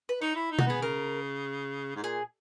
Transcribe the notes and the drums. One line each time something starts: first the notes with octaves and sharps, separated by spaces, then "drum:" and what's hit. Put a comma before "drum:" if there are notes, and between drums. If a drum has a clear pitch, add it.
B4
D#4 C#5
E4
D#4
F#4, drum: tom B2
B3 G#4
C#3 A#4
G#2
A#2 G#4